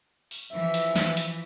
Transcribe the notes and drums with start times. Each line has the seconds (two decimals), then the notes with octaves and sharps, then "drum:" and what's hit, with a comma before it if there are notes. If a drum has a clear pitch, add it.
0.31 drum: open hi-hat
0.53 E3 F3 E5
0.74 drum: hi-hat
0.96 drum: snare
1.17 drum: hi-hat